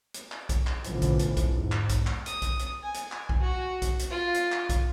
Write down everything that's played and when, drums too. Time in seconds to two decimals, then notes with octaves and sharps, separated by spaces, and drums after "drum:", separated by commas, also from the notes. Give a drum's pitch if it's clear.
0.14 drum: hi-hat
0.32 drum: clap
0.49 drum: kick B1, hi-hat
0.67 drum: clap
0.84 A1 B2 D3 E3 F3 B3, drum: hi-hat
1.02 drum: kick B1, hi-hat
1.19 drum: hi-hat
1.37 drum: kick B1, hi-hat
1.46 E2 G#2
1.72 drum: clap
1.89 drum: kick B1, hi-hat
2.07 drum: clap
2.26 D#6, drum: hi-hat
2.42 drum: kick B1, hi-hat
2.59 drum: hi-hat
2.82 G#5
2.94 drum: hi-hat
3.12 drum: clap
3.29 drum: kick B1
3.41 F#4
3.82 drum: kick B1, hi-hat
3.99 drum: hi-hat
4.10 F4
4.34 drum: hi-hat
4.52 drum: clap
4.69 drum: kick B1, hi-hat